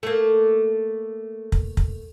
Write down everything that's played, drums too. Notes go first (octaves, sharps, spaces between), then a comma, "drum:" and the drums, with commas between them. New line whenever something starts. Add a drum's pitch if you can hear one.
A3 A#3
drum: kick
drum: kick